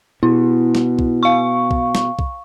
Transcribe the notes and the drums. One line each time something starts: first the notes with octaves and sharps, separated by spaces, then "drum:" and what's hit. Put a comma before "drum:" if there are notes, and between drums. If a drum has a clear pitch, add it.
B2 E4
drum: snare
drum: kick B1
F5 C#6
drum: kick B1
drum: snare
drum: kick B1